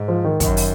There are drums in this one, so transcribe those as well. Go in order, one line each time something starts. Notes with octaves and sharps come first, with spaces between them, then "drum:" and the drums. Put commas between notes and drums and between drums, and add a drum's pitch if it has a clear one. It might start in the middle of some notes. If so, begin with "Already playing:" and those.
Already playing: G#2
F3
D#3
F#2, drum: kick, hi-hat
drum: open hi-hat